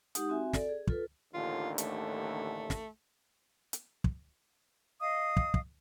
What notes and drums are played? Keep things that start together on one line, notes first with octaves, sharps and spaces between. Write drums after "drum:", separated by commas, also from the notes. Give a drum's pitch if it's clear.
G#3 D#4 G4 F#5 D#6, drum: hi-hat
C4 F#4 E5 G#5
A4 D5, drum: snare
G#4
F4 A4 B4, drum: kick
A1 D#2 D3 F4
A3, drum: hi-hat
drum: snare
drum: hi-hat
drum: kick
D#5 F5 D#6
drum: kick
drum: kick